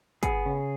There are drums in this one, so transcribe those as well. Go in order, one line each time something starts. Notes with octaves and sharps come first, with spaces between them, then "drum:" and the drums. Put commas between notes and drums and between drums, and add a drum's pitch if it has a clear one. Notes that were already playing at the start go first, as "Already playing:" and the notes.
B3 G#4, drum: kick, hi-hat
C#3